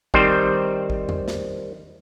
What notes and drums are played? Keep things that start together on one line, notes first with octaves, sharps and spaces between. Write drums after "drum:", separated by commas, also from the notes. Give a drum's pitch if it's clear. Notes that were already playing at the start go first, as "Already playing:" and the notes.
D#3 G3 C4 C5, drum: kick
drum: kick
drum: tom E2
drum: snare